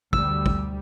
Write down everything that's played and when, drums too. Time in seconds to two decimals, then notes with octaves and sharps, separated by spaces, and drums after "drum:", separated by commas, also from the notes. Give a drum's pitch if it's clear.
0.13 D2 G3 E6, drum: kick
0.46 drum: kick